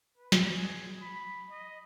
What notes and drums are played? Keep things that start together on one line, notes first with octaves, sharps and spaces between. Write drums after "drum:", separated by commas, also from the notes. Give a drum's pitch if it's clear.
B4
drum: snare
G#4
B5
D#5